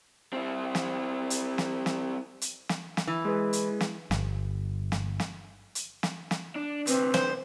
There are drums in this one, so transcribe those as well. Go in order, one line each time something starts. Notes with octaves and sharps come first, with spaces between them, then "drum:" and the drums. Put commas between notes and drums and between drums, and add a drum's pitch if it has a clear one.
C4 E4
drum: snare
drum: hi-hat
drum: snare
drum: snare
drum: hi-hat
drum: snare
drum: snare
E3
G#3 G#4 B4
drum: hi-hat
drum: snare
G1, drum: snare
drum: snare
drum: snare
drum: hi-hat
drum: snare
drum: snare
D4
D2 C3 C4 B4, drum: hi-hat
C5, drum: snare